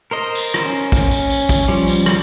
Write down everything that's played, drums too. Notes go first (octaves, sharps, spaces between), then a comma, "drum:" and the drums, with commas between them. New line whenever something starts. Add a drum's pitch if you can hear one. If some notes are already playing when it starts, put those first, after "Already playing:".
A#4 C5 D#5
drum: tambourine
drum: rim click
C#4
drum: kick, tambourine
drum: tambourine
drum: tambourine
drum: kick, tambourine
F3 G3
drum: tambourine
drum: rim click